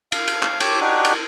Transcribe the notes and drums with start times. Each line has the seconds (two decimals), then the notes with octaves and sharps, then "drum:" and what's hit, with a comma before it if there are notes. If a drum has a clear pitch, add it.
0.12 F5, drum: cymbal
0.28 drum: cymbal
0.43 drum: clap
0.60 G4 C#5 A5 D6, drum: cymbal
0.81 D4 D#4 F#4 G4
1.05 drum: cymbal